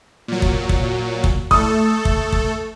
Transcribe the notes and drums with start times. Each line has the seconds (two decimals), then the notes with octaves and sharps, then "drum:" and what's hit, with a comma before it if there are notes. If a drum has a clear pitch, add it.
0.28 A#2 F#3
0.42 drum: kick
0.69 drum: kick
1.24 drum: kick
1.51 A3 A4 D#6, drum: kick
2.05 drum: kick
2.32 drum: kick